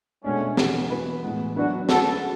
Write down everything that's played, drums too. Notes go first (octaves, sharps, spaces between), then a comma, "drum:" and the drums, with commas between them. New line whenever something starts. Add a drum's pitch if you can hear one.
B2 G#3 A3 C#4 D4
E3 B3 F#4 A4, drum: snare
E3 B3 F#4 B4
A2 E3 G#3 B3
F#3 B3 D4 E4 F#4 B4
D3 A3 C#4 F#4 G#4 A4 B4, drum: snare